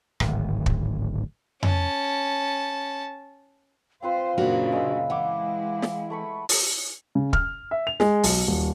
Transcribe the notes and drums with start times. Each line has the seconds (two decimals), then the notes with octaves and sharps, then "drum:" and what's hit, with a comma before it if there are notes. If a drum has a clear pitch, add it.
0.20 D1 G#1, drum: rim click
0.66 drum: kick
1.63 C#4 A5, drum: tom F2
4.02 C4 F4 B4 C5 F5
4.38 F#2 A#2 C#3 A#3 D4 F#4
4.72 G#3 E6
5.10 E3 G#3 E4 F#5 D6
5.82 drum: snare
6.10 A3 B5 C#6
6.49 drum: open hi-hat
7.15 C#3
7.33 F6, drum: kick
7.71 E5
7.87 F7
8.00 G#3, drum: snare
8.23 B1, drum: open hi-hat
8.47 D#1